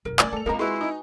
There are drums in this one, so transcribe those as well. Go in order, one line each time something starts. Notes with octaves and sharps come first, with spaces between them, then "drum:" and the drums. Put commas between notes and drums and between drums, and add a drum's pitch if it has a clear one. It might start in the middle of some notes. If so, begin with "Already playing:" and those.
E1 F#2 A#4
A3 C#4 D5 G#5, drum: clap
A3 A4 F7
C#2 A#3 C4 F4 A#4 A#5
G#3 E4 F#4 B4 G#5 C6
D#4